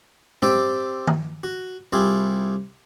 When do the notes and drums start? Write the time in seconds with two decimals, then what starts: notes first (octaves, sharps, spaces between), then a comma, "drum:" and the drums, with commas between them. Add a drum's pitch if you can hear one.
0.42 C4 G4 D5 E5 G5, drum: tom
1.07 drum: tom D#3
1.43 F#4
1.93 C2 E4 F4 G4 G#4